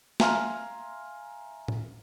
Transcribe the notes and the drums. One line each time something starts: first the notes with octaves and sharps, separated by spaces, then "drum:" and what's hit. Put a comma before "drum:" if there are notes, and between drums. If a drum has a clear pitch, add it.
E5 F5 G#5 A#5 C6 F6, drum: snare
drum: tom A2